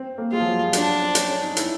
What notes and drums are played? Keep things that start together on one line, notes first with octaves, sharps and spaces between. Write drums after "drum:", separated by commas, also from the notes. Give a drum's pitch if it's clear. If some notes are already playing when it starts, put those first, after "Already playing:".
Already playing: C4
A#3
G#3 F4
F3
F#3
G3
F#3 D4, drum: hi-hat
F#3
C4
C#4, drum: hi-hat
C#4
D#4
E4, drum: hi-hat